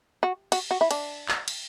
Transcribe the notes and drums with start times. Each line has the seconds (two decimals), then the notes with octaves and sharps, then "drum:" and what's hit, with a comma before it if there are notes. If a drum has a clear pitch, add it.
0.23 F#4
0.52 F#4, drum: cymbal
0.71 F#4
0.81 E4
0.91 D4, drum: cymbal
1.28 drum: clap
1.48 drum: cymbal